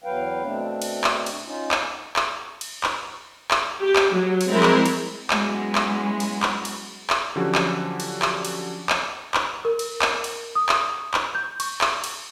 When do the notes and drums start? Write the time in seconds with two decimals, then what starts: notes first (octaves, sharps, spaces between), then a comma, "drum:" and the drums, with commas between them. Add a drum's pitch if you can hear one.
0.04 E2 F#3 B4 F5 G5
0.43 B2 A3 C4 D4
0.82 drum: cymbal
1.04 drum: clap
1.26 drum: cymbal
1.45 C#4 D#4 F4
1.71 drum: clap
2.16 drum: clap
2.61 drum: cymbal
2.84 drum: clap
3.51 drum: clap
3.82 G4
3.96 drum: clap
4.13 F#3
4.41 drum: cymbal
4.50 F3 G#3 C4 E4 A#4
4.63 drum: clap
4.86 drum: cymbal
5.30 F#3 G#3 B3 C#4 E4 F#4, drum: clap
5.75 drum: clap
6.20 drum: cymbal
6.43 drum: clap
6.65 drum: cymbal
7.10 drum: clap
7.36 D3 F3 F#3 C#4 F#4 G4
7.55 drum: clap
8.00 drum: cymbal
8.22 drum: clap
8.45 drum: cymbal
8.89 drum: clap
9.34 drum: clap
9.65 A#4
9.79 drum: cymbal
10.02 drum: clap
10.24 drum: cymbal
10.55 D#6
10.69 drum: clap
11.14 drum: clap
11.35 G6
11.60 C#6, drum: cymbal
11.81 drum: clap
12.04 drum: cymbal